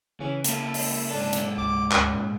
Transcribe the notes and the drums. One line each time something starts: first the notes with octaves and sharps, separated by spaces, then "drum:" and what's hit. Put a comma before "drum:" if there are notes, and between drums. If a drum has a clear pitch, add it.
C#3 E3 C#4
A#3 E4 A4, drum: hi-hat
drum: open hi-hat
G#2 D4 A4
drum: hi-hat
C#2 D6
D2 C#4, drum: clap
A#2